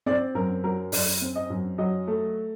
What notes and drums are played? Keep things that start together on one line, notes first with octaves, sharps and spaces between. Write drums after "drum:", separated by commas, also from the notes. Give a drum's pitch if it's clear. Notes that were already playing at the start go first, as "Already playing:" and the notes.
C4 D5
F#2 A#4
F#3 A#4
F#2 D5, drum: open hi-hat
C4
D#5
F#2
F#3 D#5
A3